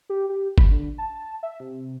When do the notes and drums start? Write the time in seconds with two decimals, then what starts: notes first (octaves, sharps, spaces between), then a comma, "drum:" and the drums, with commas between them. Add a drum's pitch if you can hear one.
0.10 G4
0.29 G4
0.58 B5, drum: kick G1
0.71 D3
0.98 A5
1.43 E5
1.60 C3